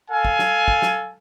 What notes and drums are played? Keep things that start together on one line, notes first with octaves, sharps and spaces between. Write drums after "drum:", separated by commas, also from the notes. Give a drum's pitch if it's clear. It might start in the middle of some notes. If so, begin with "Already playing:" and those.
A4 F5 G#5
drum: kick
drum: snare
drum: kick
drum: snare